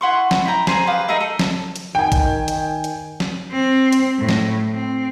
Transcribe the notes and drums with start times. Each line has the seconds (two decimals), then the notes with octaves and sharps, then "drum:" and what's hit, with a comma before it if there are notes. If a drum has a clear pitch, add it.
0.01 E4 F#5 C6 C#6
0.31 drum: snare
0.45 E4 G5 A#5
0.67 G#4 C5 G#5 A#5, drum: snare
0.87 G4 B4 F5 D#6
1.08 D#4 G#4 A#4 E5
1.20 A4
1.39 drum: snare
1.76 drum: hi-hat
1.95 D#3 G5 G#5
2.12 drum: kick, hi-hat
2.48 drum: hi-hat
2.84 drum: hi-hat
3.20 drum: snare
3.52 C4
3.92 drum: hi-hat
4.19 A2
4.29 drum: snare
4.73 C4